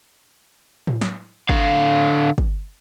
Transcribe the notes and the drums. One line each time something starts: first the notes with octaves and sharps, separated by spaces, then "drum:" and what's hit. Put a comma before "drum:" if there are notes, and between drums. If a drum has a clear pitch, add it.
drum: tom A2
drum: snare
D3 F5, drum: kick
drum: kick